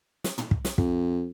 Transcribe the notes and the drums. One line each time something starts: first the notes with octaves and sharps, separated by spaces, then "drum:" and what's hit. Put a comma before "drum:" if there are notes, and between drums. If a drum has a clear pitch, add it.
drum: snare
drum: tom
drum: kick
drum: snare
F2, drum: kick